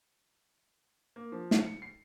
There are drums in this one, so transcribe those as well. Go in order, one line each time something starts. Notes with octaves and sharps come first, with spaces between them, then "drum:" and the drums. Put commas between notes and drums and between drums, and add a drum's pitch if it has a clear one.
A#3
F3
drum: snare
C#7
C7